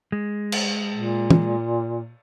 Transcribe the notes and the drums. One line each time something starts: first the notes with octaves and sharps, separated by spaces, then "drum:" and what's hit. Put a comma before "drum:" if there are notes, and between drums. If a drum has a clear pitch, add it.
G#3
drum: cymbal
A#2
drum: tom